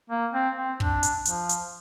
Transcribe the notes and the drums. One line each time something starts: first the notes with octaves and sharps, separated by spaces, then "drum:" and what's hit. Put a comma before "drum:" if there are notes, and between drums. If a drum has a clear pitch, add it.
A#3
C4
C4
D4, drum: kick
drum: hi-hat
F3, drum: hi-hat
drum: hi-hat